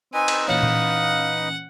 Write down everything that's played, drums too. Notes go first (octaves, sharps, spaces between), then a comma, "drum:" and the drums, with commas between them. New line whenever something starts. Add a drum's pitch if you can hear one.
C4 D#4 B4 D#5 G#5
drum: cymbal
A#2 E3 C#4 F5 F#5
drum: tom A#2